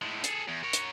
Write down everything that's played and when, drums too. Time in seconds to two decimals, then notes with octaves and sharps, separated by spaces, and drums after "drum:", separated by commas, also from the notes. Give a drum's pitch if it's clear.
0.02 A2 G#3
0.24 G#4 A4, drum: hi-hat
0.48 E2
0.64 A#4 C#5
0.73 drum: hi-hat